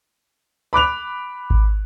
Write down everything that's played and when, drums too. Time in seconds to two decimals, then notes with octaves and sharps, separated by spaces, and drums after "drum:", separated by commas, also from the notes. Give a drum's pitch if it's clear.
0.73 B5 D6 F#6 F7
1.50 drum: kick G#1